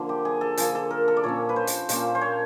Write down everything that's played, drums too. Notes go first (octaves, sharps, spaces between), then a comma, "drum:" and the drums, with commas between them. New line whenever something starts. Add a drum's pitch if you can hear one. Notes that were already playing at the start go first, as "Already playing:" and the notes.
Already playing: D3 F3 A#3
G4
G#4
A4
D3 F3 A#3 G#4, drum: hi-hat
A4
A#4
A4
D5
A#2 F3 A#3 C#4 C#5
B4
C5
drum: hi-hat
A#2 F3 A#3 C#4 C5, drum: hi-hat
C5
C#5